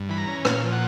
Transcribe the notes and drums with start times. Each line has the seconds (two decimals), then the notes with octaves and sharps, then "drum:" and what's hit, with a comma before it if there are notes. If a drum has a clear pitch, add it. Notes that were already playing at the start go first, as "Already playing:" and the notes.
Already playing: G2
0.09 E3 B5
0.18 A#5
0.27 C#4
0.45 A#2 F5, drum: rim click
0.64 F3
0.72 F#5